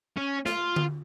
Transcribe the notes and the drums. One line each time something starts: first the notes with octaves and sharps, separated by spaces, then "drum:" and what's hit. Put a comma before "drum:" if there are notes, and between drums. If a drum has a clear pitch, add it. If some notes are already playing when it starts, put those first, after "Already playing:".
C#4
F4, drum: snare
drum: tom D3